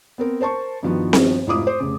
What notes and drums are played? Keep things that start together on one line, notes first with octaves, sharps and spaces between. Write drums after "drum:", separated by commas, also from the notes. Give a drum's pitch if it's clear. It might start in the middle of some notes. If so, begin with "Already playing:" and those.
B3 C4 A#4
A#4 C5 A5 C#6
G2 D#3 F3 B3 F#4
drum: snare C4
F1 G#2 E4 F4 D6 D#6
C5
F1 C#3